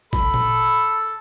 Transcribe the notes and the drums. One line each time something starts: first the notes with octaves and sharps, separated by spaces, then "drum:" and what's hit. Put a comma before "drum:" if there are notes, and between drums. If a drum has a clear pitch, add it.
A4 B5, drum: kick G#1
drum: tom A#2